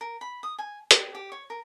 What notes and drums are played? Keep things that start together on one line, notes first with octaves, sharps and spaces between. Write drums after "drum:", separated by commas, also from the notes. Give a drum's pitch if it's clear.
A#4
B5
D#6
G#5
G4, drum: hi-hat
G4
C#5
A#4